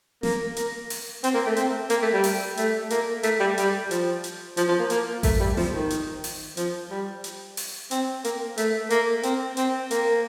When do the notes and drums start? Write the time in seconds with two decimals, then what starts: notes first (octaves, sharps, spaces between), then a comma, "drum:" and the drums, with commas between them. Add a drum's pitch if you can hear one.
0.23 A#3, drum: snare
0.57 A#3, drum: hi-hat
0.90 drum: open hi-hat
1.24 C4, drum: hi-hat
1.34 A#3
1.46 A3
1.56 C4, drum: hi-hat
1.90 A#3, drum: hi-hat
2.02 A3
2.13 G3
2.24 drum: open hi-hat
2.57 A3, drum: hi-hat
2.90 A#3, drum: hi-hat
3.23 A3, drum: hi-hat
3.40 G3
3.58 G3, drum: hi-hat
3.91 F3, drum: hi-hat
4.24 drum: hi-hat
4.57 F3, drum: hi-hat
4.68 F3
4.79 A#3
4.90 A#3, drum: hi-hat
5.23 A3, drum: kick A1, open hi-hat
5.40 G3
5.57 F3, drum: snare
5.74 D#3
5.90 drum: hi-hat
6.24 drum: open hi-hat
6.57 F3, drum: hi-hat
6.90 G3
7.24 drum: hi-hat
7.57 drum: open hi-hat
7.91 C4, drum: hi-hat
8.24 A#3, drum: hi-hat
8.58 A3, drum: hi-hat
8.90 A#3, drum: hi-hat
9.23 C4, drum: hi-hat
9.57 C4, drum: hi-hat
9.91 A#3, drum: hi-hat